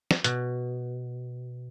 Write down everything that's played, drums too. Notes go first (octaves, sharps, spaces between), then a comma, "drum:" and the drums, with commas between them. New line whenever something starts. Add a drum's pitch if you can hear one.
drum: snare
B2, drum: hi-hat